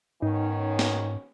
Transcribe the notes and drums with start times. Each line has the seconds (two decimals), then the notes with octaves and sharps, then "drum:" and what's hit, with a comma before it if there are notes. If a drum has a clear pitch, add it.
0.22 G#2 D#3 B3 C#4 D#4
0.79 drum: snare